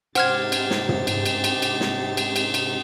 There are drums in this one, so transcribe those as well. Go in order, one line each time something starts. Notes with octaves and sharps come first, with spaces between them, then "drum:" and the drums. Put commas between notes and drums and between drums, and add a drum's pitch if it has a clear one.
G#2 C3 G4 C5 F#5 F6 G#6 A6, drum: cymbal
drum: cymbal
drum: snare
drum: tom
drum: cymbal
drum: cymbal
drum: cymbal
drum: cymbal
drum: snare
drum: cymbal
drum: cymbal
drum: cymbal